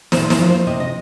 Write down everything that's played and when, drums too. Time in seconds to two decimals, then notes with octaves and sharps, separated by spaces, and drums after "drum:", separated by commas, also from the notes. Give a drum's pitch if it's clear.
0.12 A#2 C5, drum: snare
0.30 C5, drum: snare
0.39 F3 A#3
0.49 C5
0.67 C3 D#5
0.80 D#5